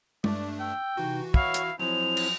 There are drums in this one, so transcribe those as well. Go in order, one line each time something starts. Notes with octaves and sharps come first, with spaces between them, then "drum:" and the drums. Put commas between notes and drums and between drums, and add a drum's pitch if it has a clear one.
G2 A3 D4 D5, drum: tom G#3
G5 E6
C3 E3 D#4 F#4
E4 C#5 F5 F#5 C#6, drum: kick
drum: hi-hat
F3 F#3 G#3 C4 E4 C5 F7
drum: cymbal